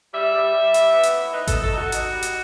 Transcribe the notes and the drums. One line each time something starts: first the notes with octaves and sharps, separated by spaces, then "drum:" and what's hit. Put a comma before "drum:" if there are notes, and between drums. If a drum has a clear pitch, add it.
G3 E5
G3
G3
G3, drum: hi-hat
B3
drum: hi-hat
A2
D#4 B4
A4, drum: kick G#1, hi-hat
D#4
A4
D#4 F#4
D#4, drum: hi-hat
G3
drum: hi-hat